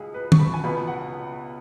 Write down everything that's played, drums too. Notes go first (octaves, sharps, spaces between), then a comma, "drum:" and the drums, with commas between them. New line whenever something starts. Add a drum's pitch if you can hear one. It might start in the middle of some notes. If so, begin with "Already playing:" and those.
Already playing: C#2 G#4
B4
C#6, drum: tom
B5
G#5
C#2 B2 B3 B5
F#5